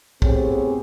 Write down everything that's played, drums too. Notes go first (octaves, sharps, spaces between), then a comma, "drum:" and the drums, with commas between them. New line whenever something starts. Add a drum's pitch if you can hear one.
A2 B3 C4 G4 G#4 C#5, drum: kick